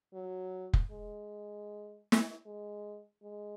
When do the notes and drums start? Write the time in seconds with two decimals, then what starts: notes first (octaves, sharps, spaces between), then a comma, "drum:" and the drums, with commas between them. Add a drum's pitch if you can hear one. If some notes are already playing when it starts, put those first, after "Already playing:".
0.13 F#3
0.73 drum: kick F1
0.91 G#3
2.12 drum: snare
2.46 G#3
3.23 G#3